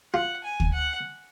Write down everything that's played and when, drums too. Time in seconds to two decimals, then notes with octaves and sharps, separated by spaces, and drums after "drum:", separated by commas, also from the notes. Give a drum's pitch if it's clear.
0.14 F4 F#5
0.44 G#5
0.60 drum: kick D2
0.74 F#5